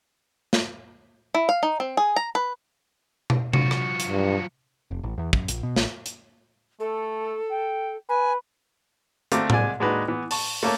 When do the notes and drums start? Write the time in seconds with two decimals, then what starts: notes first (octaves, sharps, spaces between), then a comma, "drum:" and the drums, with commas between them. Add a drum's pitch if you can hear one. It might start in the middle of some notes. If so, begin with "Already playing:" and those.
0.53 drum: snare
1.34 E4
1.49 F5
1.63 D#4
1.80 C4
1.97 G#4
2.16 A#5
2.35 B4
3.30 drum: tom B2
3.53 F#3 F4 F#4, drum: tom C3
3.71 drum: rim click
4.00 drum: hi-hat
4.09 G2
4.91 F1
5.03 A1
5.18 E2
5.33 F#2, drum: kick
5.48 A#1, drum: hi-hat
5.63 B2
5.76 A1, drum: snare
6.06 drum: hi-hat
6.80 A3 A4
7.51 G5
8.09 B4 G#5
9.32 D3 A3 C4 F5 A#5 D6, drum: hi-hat
9.50 C2 G#3 D5 G#5, drum: tom A2
9.80 D#2 G#3 D4 D#4 F#4 B4
10.08 E3 B3
10.31 A5 C#6, drum: open hi-hat
10.63 A3 A#3 C#4 A5